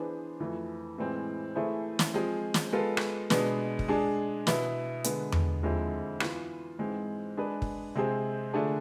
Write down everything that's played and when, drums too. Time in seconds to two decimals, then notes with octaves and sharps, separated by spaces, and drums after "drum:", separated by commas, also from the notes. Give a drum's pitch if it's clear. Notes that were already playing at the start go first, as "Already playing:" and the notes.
Already playing: E3 B3 D4 G#4 C5
0.40 F2 E3 A3
0.98 A2 E3 G#3 C4
1.55 E3 A3 E4 G#4 C5
1.99 drum: snare
2.14 F3 G#3 C4 G#4
2.54 drum: snare
2.73 G#3 B3 F4 A4
2.97 drum: rim click
3.30 B2 G#3 B3 D4, drum: snare
3.79 drum: kick
3.88 G#3 D4 G#4
4.47 B2 B3 E4, drum: snare
5.04 D3 G#3 B3, drum: hi-hat
5.32 drum: tom E2
5.63 F2 D3 G#3 C4 E4
6.20 E3 B3 F4, drum: rim click
6.79 G#2 E3 G#3 C4
7.37 G#3 D4 G#4 B4
7.62 drum: kick
7.95 C3 G#3 C4 G#4 C5
8.54 D3 A3 D4 G#4